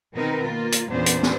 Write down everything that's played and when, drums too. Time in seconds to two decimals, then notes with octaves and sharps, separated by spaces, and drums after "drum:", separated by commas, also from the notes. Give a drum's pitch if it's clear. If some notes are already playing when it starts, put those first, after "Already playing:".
0.14 B2 D#3 C4 D#4 A#4 B4
0.45 A#3 F4
0.72 drum: hi-hat
0.89 E2 A#2 B3 C#4 D4 C5
1.06 drum: hi-hat
1.23 drum: snare